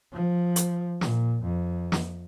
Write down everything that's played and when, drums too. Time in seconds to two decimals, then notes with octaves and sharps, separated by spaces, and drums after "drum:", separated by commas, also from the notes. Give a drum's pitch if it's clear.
0.13 F3
0.56 drum: hi-hat
1.01 A#2, drum: snare
1.42 F2
1.92 drum: snare